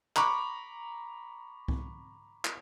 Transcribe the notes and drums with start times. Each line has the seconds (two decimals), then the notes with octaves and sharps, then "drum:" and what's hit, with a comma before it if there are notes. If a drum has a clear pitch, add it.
0.16 A#5 B5 C#6 D6, drum: clap
1.68 drum: kick C2
2.45 drum: clap